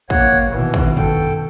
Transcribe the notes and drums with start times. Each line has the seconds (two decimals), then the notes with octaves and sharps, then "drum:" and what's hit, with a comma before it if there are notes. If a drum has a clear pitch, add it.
0.10 A#3 C#5 F#5, drum: kick
0.50 B2 D#3 E3
0.74 drum: kick
0.97 A4 G5, drum: tom